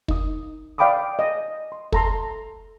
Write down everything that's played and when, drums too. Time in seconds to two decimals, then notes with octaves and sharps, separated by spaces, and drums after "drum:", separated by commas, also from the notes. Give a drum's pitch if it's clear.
0.08 D#4 D#6, drum: kick
0.78 D5 F5 G5 B5 D6 D#6
1.19 D#5
1.72 C6
1.93 A4 A#5 C6, drum: kick